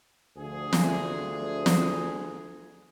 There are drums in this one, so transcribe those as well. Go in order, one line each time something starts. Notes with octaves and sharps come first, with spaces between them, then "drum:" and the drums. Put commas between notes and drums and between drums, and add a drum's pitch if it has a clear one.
D2 F3 G#4
drum: snare
drum: snare